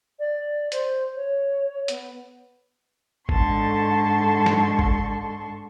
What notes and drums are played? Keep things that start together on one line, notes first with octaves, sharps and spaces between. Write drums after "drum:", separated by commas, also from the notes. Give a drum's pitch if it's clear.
D5
C5, drum: hi-hat
C#5
B3, drum: hi-hat
G#2 D3 A4 A5 C6 C#6, drum: kick G#1
drum: snare
drum: kick G#1